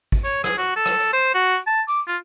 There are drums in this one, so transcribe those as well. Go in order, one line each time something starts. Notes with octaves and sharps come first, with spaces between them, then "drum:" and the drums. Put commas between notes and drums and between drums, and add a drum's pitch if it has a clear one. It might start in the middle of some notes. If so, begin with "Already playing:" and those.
drum: kick, tambourine
C#5, drum: tambourine
G#4, drum: rim click
F#4, drum: tambourine
A4
drum: rim click
drum: tambourine
C5
F#4
drum: tambourine
A5
D6, drum: tambourine
F4